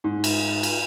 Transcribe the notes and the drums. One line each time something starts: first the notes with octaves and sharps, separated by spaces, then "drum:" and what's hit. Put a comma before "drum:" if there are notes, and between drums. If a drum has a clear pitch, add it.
G#2
drum: cymbal
drum: cymbal